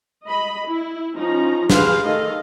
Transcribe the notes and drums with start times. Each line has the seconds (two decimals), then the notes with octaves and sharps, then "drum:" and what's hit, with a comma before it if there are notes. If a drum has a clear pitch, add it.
0.24 D#5 B5
0.67 E4
1.15 F3 C#4 D#4 A#5
1.70 G4 G#4 B4 C5 F5, drum: snare
2.03 D#3 A3 A4 D#5 F5